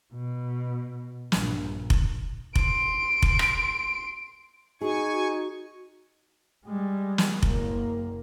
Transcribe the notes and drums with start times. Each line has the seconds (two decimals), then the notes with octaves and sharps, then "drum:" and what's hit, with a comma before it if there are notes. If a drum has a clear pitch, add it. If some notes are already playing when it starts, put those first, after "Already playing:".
0.14 B2
1.32 A#1 G2, drum: snare
1.90 drum: kick F1
2.55 C6 D7, drum: kick F1
3.22 drum: kick F1
3.39 drum: rim click
4.81 D#4 F#4 G#4 G#5 C#6
6.66 G3 G#3
7.18 drum: snare
7.43 F#1 A#3, drum: kick F1